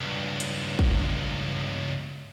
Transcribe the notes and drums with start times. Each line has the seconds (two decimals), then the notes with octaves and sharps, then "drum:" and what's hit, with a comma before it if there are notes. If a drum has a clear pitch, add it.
0.01 C#2 G2
0.40 drum: hi-hat
0.79 drum: kick